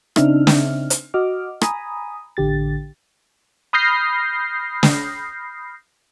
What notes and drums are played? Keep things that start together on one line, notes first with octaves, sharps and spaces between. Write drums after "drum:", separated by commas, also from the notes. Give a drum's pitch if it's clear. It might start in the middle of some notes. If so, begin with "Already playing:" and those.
C#3 C4 D4 D#4 E5 F6, drum: rim click
drum: snare
drum: hi-hat
F#4 D#5 D6 F6
G#5 A#5 B5 D#6, drum: rim click
A1 D3 G4 A6
B5 D#6 F6 G6 A#6 C7
drum: snare